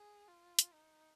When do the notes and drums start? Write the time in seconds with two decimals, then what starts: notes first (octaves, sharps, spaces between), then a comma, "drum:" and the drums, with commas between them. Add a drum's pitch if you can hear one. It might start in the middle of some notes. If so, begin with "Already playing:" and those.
Already playing: G#4
0.28 F4
0.59 drum: hi-hat
0.73 D#4